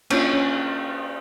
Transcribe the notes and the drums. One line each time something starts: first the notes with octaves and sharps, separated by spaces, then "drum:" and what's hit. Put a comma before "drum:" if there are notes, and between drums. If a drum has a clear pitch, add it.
A#3 C#4 D4 F4 C#5, drum: cymbal
C#4 C#5